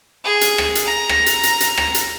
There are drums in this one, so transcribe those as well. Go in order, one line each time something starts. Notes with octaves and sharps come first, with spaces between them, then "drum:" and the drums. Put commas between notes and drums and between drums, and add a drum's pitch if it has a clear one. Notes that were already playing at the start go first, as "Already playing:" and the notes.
G#4
drum: hi-hat
drum: rim click
drum: hi-hat
A#5
drum: rim click
drum: hi-hat
drum: hi-hat
drum: hi-hat
drum: rim click
drum: hi-hat